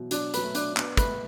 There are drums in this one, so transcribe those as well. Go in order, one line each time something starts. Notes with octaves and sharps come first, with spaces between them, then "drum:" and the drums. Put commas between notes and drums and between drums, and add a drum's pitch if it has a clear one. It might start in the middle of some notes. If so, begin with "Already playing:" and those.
Already playing: B2 E3 F#3
F#3 D4, drum: hi-hat
F#3 B4, drum: hi-hat
A3
D4, drum: hi-hat
B3 D4, drum: clap
A3 B4, drum: kick, hi-hat